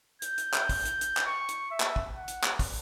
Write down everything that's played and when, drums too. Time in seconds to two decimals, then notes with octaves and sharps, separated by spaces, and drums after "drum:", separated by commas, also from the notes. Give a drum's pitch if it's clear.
0.22 G6, drum: hi-hat
0.38 drum: hi-hat
0.54 drum: clap
0.69 drum: kick, open hi-hat
0.85 drum: hi-hat
1.01 drum: hi-hat
1.17 drum: clap
1.26 C#6
1.49 drum: hi-hat
1.71 E5
1.80 drum: clap
1.96 drum: kick
2.16 F#5
2.28 drum: hi-hat
2.44 drum: clap
2.59 drum: kick, open hi-hat